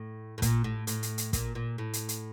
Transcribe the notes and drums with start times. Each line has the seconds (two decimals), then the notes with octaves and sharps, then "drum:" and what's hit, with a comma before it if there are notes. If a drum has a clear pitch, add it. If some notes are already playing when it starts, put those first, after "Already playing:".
Already playing: A2
0.38 A2
0.42 A#2, drum: kick, hi-hat
0.64 A2
0.87 A2, drum: hi-hat
1.03 drum: hi-hat
1.18 drum: hi-hat
1.33 A#2, drum: kick, hi-hat
1.55 A#2
1.78 A2
1.93 drum: hi-hat
2.09 drum: hi-hat